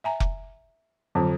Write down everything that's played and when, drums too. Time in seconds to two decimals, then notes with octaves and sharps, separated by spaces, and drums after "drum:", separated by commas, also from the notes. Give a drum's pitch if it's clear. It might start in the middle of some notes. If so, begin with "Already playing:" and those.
0.04 E5 G#5 A#5
0.20 drum: kick F1
1.15 F2 D3 F#3